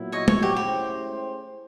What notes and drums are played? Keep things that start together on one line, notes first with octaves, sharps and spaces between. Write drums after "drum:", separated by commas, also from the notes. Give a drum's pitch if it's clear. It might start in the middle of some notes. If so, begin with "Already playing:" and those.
Already playing: A#2 F#3 B3 E4
C#5 D#5
C#5, drum: tom
G4
A3 C#4 E4 G4 G#4 C5